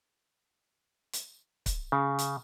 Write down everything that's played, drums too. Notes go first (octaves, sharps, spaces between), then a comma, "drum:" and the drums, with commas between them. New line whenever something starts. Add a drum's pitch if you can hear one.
drum: hi-hat
drum: kick C#1, hi-hat
C#3
drum: hi-hat